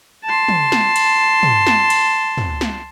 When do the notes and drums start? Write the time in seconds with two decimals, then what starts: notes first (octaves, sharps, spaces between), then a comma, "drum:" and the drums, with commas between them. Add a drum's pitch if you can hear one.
0.25 A5 C6
0.48 drum: tom
0.72 drum: snare
0.96 drum: cymbal
1.43 drum: tom
1.67 drum: snare
1.90 drum: cymbal
2.37 drum: tom
2.61 drum: snare